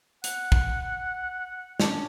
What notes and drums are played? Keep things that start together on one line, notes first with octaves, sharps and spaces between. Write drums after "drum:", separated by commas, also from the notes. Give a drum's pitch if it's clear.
F#5, drum: hi-hat
drum: kick
C#4 D4 C#5, drum: snare